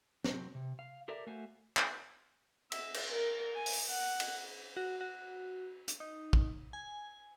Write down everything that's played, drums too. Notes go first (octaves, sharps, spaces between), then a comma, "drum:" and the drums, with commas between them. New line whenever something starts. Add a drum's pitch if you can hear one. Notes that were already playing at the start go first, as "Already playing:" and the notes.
F#3 C4, drum: snare
C3
F5
G4 A4 A#4 D5 E5
A3 F#4 C5 E5 F5 G#5
drum: clap
E5, drum: cymbal
drum: cymbal
A#4
G#5
drum: open hi-hat
F#5
drum: cymbal
F#4
F#4
drum: hi-hat
D#4
drum: kick
G#5